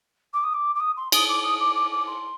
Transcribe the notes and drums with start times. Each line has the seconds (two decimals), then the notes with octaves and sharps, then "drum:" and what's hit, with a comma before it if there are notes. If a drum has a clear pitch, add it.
0.33 D6
0.43 D#6
0.53 D6
0.75 D6
0.80 D#6
0.96 C6
1.12 D#6, drum: cymbal
1.28 D6
1.43 D#6
1.60 D6
1.75 D6
1.91 D6
2.07 C6